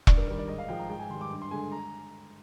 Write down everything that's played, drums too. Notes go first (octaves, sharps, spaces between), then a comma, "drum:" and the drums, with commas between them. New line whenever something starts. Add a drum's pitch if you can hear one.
G2 D5, drum: kick E1
A#4
D#3 G3 A#4
D5
G#2 D#5
F5
F3 G#3 G5
A#5
G#2 G5
G#5
D#3 G3 C6
D6
G2
C6
D3 G#3 G#5
A#5